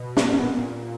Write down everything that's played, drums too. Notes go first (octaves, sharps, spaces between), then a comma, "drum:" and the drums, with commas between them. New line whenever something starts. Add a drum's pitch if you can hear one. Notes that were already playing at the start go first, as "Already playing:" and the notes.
Already playing: B2
C#4, drum: snare
G#2 C#4
A#2 B3